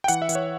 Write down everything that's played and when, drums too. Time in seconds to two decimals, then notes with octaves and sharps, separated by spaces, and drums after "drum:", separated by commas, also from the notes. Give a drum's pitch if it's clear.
0.04 G5
0.08 E3 F#5, drum: hi-hat
0.22 E5
0.29 E3, drum: hi-hat
0.35 C#5